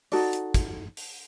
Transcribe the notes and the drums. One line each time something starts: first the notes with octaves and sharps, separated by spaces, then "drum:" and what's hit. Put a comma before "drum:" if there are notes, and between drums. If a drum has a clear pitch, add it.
D#4 F#4 A4 D5, drum: open hi-hat
drum: hi-hat
drum: kick, hi-hat
drum: open hi-hat